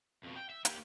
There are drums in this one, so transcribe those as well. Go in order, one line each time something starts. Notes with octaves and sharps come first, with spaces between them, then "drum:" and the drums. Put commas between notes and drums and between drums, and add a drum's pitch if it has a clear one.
F2 B2
G5
E5
A#3 G4, drum: hi-hat